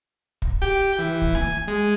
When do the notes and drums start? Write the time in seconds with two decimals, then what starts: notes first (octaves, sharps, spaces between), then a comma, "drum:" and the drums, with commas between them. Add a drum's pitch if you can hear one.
0.42 drum: kick
0.62 G4
0.98 E3
1.22 drum: kick
1.35 G#5, drum: snare
1.68 G#3